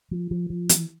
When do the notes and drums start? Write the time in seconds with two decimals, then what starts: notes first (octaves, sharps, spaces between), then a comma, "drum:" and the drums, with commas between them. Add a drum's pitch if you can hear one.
0.11 F3
0.31 F3
0.50 F3
0.69 E3, drum: hi-hat